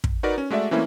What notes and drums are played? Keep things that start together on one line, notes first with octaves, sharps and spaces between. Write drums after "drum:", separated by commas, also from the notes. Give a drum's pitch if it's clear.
drum: kick
D#4 F#4 A#4 B4 D5
C#4
G#3 A3 F#4 D5 E5
E3 A3 A#3 C4 C#4 E4